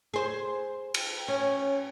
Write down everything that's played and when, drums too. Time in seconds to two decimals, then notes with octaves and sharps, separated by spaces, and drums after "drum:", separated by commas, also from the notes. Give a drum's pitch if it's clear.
0.14 G#4 C5
0.94 drum: cymbal
1.28 C#4